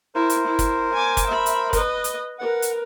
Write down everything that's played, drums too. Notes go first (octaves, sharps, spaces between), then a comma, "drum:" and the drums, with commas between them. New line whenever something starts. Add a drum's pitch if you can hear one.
E4 A#4 C5
drum: hi-hat
E4
drum: kick, hi-hat
G#5 D6
drum: kick, hi-hat
E5 B5
drum: hi-hat
B4 D#5, drum: kick, hi-hat
drum: hi-hat
A#4 B4 F#5
drum: hi-hat